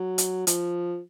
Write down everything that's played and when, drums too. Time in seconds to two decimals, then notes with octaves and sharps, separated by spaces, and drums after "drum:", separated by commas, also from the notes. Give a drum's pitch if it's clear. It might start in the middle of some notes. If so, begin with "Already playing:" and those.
Already playing: F#3
0.18 drum: hi-hat
0.47 F3, drum: hi-hat